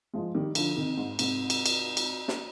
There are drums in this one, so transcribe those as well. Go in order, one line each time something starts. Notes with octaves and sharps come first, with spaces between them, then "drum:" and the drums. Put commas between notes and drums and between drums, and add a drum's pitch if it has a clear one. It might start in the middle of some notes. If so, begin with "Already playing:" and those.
F3 G#3
D#3 G3
D3 F3, drum: cymbal
C3 D#3
G#2
G#2 C3, drum: cymbal
drum: cymbal
drum: cymbal
drum: cymbal
drum: snare